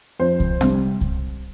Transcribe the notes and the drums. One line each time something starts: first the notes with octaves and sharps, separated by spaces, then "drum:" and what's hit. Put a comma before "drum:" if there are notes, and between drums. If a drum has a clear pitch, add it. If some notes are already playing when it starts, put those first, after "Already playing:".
F2 C5
drum: kick C2
C3 G3, drum: rim click
drum: kick C2